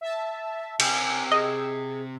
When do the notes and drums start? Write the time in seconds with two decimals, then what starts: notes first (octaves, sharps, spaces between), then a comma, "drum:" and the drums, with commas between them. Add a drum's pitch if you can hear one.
0.01 E5 A5
0.80 C3 G5 G#5 E6, drum: cymbal
1.32 G#4 D#5